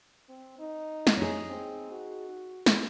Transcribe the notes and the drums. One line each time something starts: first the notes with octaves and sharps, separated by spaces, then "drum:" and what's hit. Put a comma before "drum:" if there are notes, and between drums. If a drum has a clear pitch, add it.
C4
D#4
drum: snare
D#4 G#4 C#5
C4
F#4
drum: snare